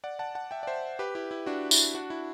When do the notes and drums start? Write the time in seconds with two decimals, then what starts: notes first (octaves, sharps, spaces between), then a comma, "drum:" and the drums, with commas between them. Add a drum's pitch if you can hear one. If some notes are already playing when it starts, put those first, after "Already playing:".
0.04 D5 F#5
0.19 F#5 A5
0.35 F#5 A5
0.51 E5 G5
0.63 D5
0.67 C5 E5
0.99 G4 B4
1.15 E4 G4
1.31 E4
1.46 D4 F#4
1.71 E4, drum: tambourine
1.94 D4 F#4
2.10 E4